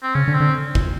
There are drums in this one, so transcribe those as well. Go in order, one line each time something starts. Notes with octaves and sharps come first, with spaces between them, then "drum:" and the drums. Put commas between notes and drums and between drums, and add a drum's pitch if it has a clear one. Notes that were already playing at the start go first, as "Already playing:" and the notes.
C4
C#3 C#4
D3
C4
D3
drum: kick